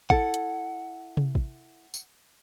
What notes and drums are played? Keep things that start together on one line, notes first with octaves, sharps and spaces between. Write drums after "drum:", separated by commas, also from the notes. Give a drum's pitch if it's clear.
E4 A4 F#5, drum: kick
drum: hi-hat
drum: tom C3
drum: kick
drum: tambourine